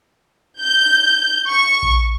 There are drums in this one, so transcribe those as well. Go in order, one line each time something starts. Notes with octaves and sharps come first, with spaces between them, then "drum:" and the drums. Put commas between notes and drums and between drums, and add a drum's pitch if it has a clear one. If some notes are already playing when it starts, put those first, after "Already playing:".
G6
C#6
drum: kick A#1